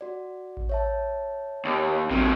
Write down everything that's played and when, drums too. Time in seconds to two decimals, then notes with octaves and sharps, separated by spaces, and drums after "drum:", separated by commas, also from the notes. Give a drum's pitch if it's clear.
0.01 F#4 D5
0.57 drum: kick A1
0.69 C#5 E5 A5
1.65 D#2
2.11 C3 F#3, drum: kick A1